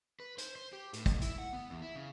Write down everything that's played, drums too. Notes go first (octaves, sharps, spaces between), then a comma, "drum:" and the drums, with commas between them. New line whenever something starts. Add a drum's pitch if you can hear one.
B4
C5, drum: hi-hat
C5
G4
A2, drum: hi-hat
F2, drum: kick, hi-hat
E4, drum: hi-hat
F#5
B3
E2
E4
C#3